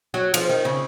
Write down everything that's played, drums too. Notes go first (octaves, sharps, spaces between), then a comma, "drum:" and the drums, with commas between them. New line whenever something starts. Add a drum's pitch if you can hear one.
F#3
F3, drum: cymbal
D#3
C#3